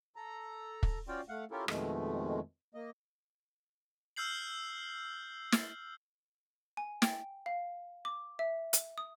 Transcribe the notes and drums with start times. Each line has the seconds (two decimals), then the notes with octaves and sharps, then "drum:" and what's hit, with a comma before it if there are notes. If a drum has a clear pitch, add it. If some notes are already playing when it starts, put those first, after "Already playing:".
0.16 A4 A#5
0.83 drum: kick
1.08 C#4 F4 F#4 D5 F5 G5
1.29 A3 F5 F#5
1.51 C#4 E4 F4 G4 A4 A#4
1.68 F2 B2 D#3 G#3 A3, drum: rim click
2.74 A#3 D#5
4.16 E6 F6 G6 C7 F#7
5.52 drum: snare
6.77 G#5
7.02 G5, drum: snare
7.46 F5
8.05 D6
8.39 E5
8.73 drum: hi-hat
8.98 D#6